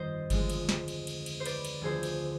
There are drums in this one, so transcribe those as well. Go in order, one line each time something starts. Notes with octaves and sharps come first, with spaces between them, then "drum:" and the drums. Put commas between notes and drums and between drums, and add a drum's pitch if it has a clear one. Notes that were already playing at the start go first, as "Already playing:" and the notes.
Already playing: G1 F2 D#3 G3 C5 D#5
D2 D3 F3 G#3, drum: kick G1, cymbal
drum: cymbal
drum: snare
drum: cymbal
drum: cymbal
drum: cymbal
C5
B4 D5, drum: cymbal
drum: cymbal
D2 D3 F3 G#4 C5
drum: cymbal